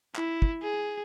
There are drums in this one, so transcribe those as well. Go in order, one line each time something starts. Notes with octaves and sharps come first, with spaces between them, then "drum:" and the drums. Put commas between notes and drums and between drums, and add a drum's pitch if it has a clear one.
E4, drum: clap
drum: kick
G#4